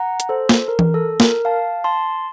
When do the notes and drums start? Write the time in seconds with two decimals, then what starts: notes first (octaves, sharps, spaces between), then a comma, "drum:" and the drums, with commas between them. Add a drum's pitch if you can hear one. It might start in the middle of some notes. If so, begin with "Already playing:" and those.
Already playing: F#5 A#5
0.20 drum: hi-hat
0.29 A4 C5
0.49 drum: snare
0.68 A#4
0.79 drum: tom E3
0.94 A4
1.20 A#4, drum: snare
1.45 F5 A5
1.84 A5 C6